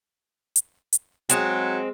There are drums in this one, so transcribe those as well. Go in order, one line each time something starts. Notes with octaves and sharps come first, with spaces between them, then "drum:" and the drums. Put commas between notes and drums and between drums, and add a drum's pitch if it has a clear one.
drum: hi-hat
drum: hi-hat
F#3 G#3 C4, drum: hi-hat